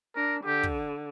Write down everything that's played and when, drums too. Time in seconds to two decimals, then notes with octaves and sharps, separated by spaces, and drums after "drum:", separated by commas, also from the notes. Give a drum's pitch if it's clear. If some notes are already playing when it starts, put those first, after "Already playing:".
0.16 D4 A#4
0.45 D3 G4
0.63 drum: kick